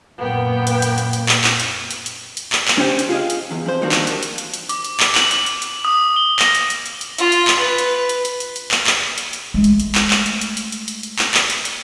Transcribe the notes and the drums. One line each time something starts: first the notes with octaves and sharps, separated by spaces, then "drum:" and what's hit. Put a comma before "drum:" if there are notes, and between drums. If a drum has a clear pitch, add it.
F#2 A#2 A#3 B3 G5
drum: hi-hat
drum: hi-hat
drum: hi-hat
drum: hi-hat
drum: clap
drum: clap
drum: hi-hat
drum: hi-hat
drum: hi-hat
drum: hi-hat
drum: clap
drum: clap
C#4 D4 E4 G4 C5 G5
drum: hi-hat
F4 G#4 D#5 F5
drum: hi-hat
E2
F2 C5
D#3 G3 A#3 D4 F#4
drum: clap
drum: hi-hat
drum: hi-hat
drum: hi-hat
drum: hi-hat
D6, drum: hi-hat
drum: hi-hat
drum: clap
F#7, drum: clap
drum: hi-hat
drum: hi-hat
drum: hi-hat
D#6
G7
A#6, drum: clap
drum: hi-hat
drum: hi-hat
drum: hi-hat
drum: hi-hat
F4, drum: hi-hat
drum: hi-hat
drum: clap
B4
drum: hi-hat
drum: hi-hat
drum: hi-hat
drum: hi-hat
drum: hi-hat
drum: clap
drum: clap
drum: hi-hat
drum: hi-hat
G#3 A3
drum: hi-hat
drum: hi-hat
drum: clap
drum: clap
drum: hi-hat
drum: hi-hat
drum: hi-hat
drum: hi-hat
drum: hi-hat
drum: hi-hat
drum: clap
drum: clap
drum: hi-hat
drum: hi-hat